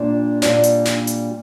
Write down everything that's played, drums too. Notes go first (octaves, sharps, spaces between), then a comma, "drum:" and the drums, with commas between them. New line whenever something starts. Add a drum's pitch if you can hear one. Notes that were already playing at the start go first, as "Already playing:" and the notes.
Already playing: A#2 G3 D4 D5
A#2 G3 D4, drum: snare
drum: hi-hat
drum: snare
drum: hi-hat